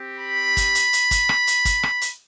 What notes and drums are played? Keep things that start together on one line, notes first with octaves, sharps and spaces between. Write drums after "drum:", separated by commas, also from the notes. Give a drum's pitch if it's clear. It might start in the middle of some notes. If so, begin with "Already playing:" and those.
Already playing: C4 G4
B5
drum: kick, hi-hat
drum: hi-hat
drum: hi-hat
drum: kick, hi-hat
drum: rim click
drum: hi-hat
drum: kick, hi-hat
drum: rim click
drum: hi-hat